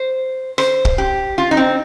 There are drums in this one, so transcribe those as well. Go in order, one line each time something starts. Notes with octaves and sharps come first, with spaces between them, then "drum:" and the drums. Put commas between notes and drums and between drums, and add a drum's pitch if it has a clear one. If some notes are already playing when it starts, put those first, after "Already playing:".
Already playing: C5
C5, drum: rim click
drum: kick
G4
F4
D#4
C4